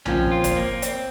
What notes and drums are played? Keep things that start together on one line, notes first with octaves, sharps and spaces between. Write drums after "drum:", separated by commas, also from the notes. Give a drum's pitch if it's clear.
A#2 F3 C4 C#4, drum: tom B1
F4
drum: kick G1, hi-hat
A#3
C4, drum: hi-hat